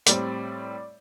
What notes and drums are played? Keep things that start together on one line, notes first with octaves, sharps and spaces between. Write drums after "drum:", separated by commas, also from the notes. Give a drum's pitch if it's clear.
A2 G3 C4 D5, drum: hi-hat